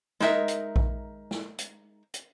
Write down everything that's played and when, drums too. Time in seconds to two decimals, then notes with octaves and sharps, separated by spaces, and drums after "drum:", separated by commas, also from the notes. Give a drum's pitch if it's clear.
0.20 G#3 D#4 A#4 E5, drum: snare
0.48 drum: hi-hat
0.76 drum: kick A#1
1.31 drum: snare
1.59 drum: hi-hat
2.14 drum: hi-hat